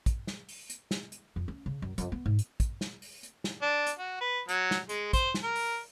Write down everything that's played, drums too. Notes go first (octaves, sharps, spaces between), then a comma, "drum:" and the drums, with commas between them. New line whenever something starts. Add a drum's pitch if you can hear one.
drum: kick, hi-hat
drum: snare
drum: open hi-hat
drum: hi-hat
drum: snare
drum: hi-hat
F2
C#4
C#3
F#2
F2, drum: hi-hat
B3
G#2
drum: hi-hat
drum: kick, hi-hat
drum: snare
drum: open hi-hat
drum: hi-hat
drum: snare
D4
drum: hi-hat
F#4
B4
F#3, drum: hi-hat
drum: snare
G#3, drum: hi-hat
C5, drum: kick, hi-hat
drum: snare
A#4
drum: open hi-hat